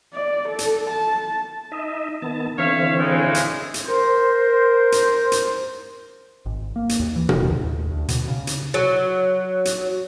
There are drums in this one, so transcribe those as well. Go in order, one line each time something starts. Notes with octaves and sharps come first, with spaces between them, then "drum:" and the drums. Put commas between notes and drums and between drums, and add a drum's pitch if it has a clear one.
D5
A4
drum: hi-hat
A5
D#4 D#5 E5
D#3 B3 A5
D3 E3 C4 C#5 E5 F5
A2 C#3 G#3
drum: hi-hat
drum: hi-hat
A#4 C5
drum: hi-hat
drum: hi-hat
G#1
A#3
drum: hi-hat
D#2
E3
E1, drum: tom A#2
D#2
D2
B2, drum: hi-hat
C#3
drum: hi-hat
F#3
drum: hi-hat